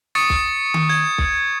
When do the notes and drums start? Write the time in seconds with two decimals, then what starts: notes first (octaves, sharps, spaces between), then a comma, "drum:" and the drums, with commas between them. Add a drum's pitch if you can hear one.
0.15 C#6 D#6 A6 C#7
0.30 drum: kick
0.74 drum: tom D#3
0.89 G#6
1.18 drum: kick